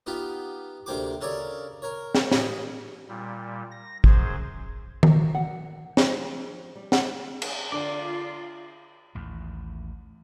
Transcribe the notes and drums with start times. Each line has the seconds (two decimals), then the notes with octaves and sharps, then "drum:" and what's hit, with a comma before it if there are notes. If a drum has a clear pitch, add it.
0.06 B3 D#4 F4 G4
0.86 D2 C3 A#3 G5 C6 D6
1.21 C#3 A4 A#4 C#5 D5
1.82 A#4 C#5
2.15 drum: snare
2.31 A1 G#4 G#5, drum: snare
3.08 A#2 G3
3.71 A#6
4.04 F#2 G#4 C5, drum: kick
5.03 F#4, drum: tom D#3
5.35 F#5
5.97 F3, drum: snare
6.76 G3
6.92 F#5, drum: snare
7.42 drum: cymbal
7.72 D3 D4 F4 D5
9.15 A1 D#2